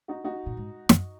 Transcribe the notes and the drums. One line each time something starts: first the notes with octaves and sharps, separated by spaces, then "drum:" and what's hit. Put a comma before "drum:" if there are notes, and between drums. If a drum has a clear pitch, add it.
D#4 F#4
D#4 F#4
A#2
G#2
F#2, drum: snare